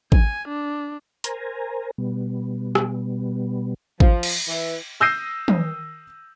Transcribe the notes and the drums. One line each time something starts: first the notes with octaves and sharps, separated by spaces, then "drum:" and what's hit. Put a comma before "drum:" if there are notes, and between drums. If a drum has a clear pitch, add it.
G#5, drum: kick
D4
A#4 C5 G#5 A#5, drum: hi-hat
B2 G3 B3
drum: rim click
F3, drum: kick
drum: cymbal
E3
D#6 E6 G6 A#6 C7 D#7
drum: tom